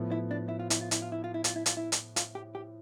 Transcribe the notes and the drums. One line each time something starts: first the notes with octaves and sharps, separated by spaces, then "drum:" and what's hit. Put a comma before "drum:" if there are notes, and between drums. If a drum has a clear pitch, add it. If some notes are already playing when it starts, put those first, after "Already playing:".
Already playing: A2 F3 B3
E4
D4
E4
F4
E4, drum: hi-hat
F4
E4, drum: hi-hat
F4
E4
F4
E4
F4, drum: hi-hat
E4
F4, drum: hi-hat
E4
drum: hi-hat
F4, drum: hi-hat
G4
G4